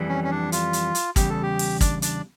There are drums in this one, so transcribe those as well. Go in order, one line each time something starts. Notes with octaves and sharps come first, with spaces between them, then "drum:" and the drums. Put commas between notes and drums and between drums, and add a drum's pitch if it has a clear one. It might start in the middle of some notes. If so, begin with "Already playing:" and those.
Already playing: F2 E3 G3
C#4
C#4
D4
F4, drum: hi-hat
drum: hi-hat
drum: hi-hat
E2 C#3 G3 G4, drum: kick, hi-hat
A4
G4
drum: open hi-hat
D4 D5, drum: kick, hi-hat
D4 D5, drum: hi-hat